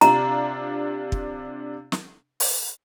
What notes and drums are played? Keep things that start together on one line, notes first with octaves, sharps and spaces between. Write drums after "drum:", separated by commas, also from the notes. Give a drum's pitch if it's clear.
C3 D4 F4 A#5, drum: hi-hat
drum: kick
drum: snare
drum: open hi-hat